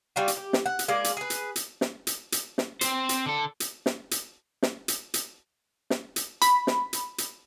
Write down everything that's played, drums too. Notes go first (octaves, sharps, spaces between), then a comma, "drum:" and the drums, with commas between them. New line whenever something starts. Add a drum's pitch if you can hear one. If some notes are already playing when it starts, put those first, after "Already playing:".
G3 F4 F#4
drum: hi-hat
G4
drum: snare
F#5
drum: hi-hat
G#3 A#3 F4 D5
drum: hi-hat
G#4 B4
drum: hi-hat
drum: hi-hat
drum: snare
drum: hi-hat
drum: hi-hat
drum: snare
C4 C5, drum: hi-hat
drum: hi-hat
D3 A4
drum: hi-hat
drum: snare
drum: hi-hat
drum: snare
drum: hi-hat
drum: hi-hat
drum: snare
drum: hi-hat
B5, drum: hi-hat
drum: snare
drum: hi-hat
drum: hi-hat